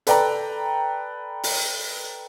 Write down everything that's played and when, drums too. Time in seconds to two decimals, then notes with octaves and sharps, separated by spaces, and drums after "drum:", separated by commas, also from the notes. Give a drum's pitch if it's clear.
0.07 A4 B4 D5 G5 A#5, drum: hi-hat
1.43 drum: open hi-hat